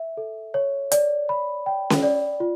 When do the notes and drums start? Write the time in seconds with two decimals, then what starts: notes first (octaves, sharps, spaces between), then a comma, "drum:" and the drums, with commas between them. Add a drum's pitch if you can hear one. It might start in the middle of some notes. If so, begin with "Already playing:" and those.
Already playing: E5
0.17 A4
0.54 C#5
0.92 D5, drum: hi-hat
1.29 B5
1.66 G5
1.90 drum: snare C#4
2.03 D5
2.40 F4